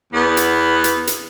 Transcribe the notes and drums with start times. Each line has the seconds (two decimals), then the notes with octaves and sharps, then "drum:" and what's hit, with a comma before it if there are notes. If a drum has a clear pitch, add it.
0.13 E2 B3
0.37 drum: hi-hat
0.84 drum: hi-hat
1.07 drum: hi-hat